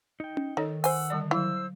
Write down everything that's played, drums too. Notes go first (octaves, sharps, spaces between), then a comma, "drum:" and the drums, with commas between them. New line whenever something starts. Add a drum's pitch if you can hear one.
D#4 G5
drum: tom C#4
D#3 D#4 A4 C#5 D#5
C5 F#5 G#5 E6, drum: open hi-hat
D3 G3 D5
F#3 E4 C5 F5 E6